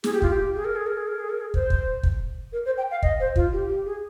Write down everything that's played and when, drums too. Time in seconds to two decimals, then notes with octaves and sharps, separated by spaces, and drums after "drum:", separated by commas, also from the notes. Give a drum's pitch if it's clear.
0.04 G#4, drum: snare
0.13 G4
0.22 F4, drum: kick
0.30 G4
0.55 G#4
0.65 A#4
0.76 G#4
0.86 A#4
0.97 G#4
1.08 A#4
1.19 G#4
1.30 A#4
1.41 G#4
1.54 C5, drum: kick
1.70 drum: kick
2.03 drum: kick
2.53 A#4
2.66 C5
2.77 G5
2.91 F5
3.03 D#5, drum: kick
3.20 C5
3.36 F4, drum: kick
3.53 G4
3.69 G4
3.86 G#4